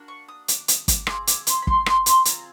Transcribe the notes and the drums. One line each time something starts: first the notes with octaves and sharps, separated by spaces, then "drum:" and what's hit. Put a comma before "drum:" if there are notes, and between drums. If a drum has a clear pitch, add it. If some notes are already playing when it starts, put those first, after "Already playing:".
Already playing: A#3 D4 F#4
C#6
D#6
D6, drum: hi-hat
D#6, drum: hi-hat
D6, drum: kick, hi-hat
C4 F4 G#4 D6, drum: rim click
D6, drum: hi-hat
C6, drum: hi-hat
B5
C6, drum: kick
C6, drum: rim click
C6, drum: hi-hat
C4 F4 G#4 A#5, drum: hi-hat